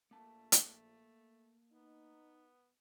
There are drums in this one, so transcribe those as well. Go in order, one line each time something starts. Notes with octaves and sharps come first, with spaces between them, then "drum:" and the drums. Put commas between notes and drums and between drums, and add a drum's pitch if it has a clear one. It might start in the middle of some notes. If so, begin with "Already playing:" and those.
A#1 A3 A#3 A5
drum: hi-hat
B3 D#4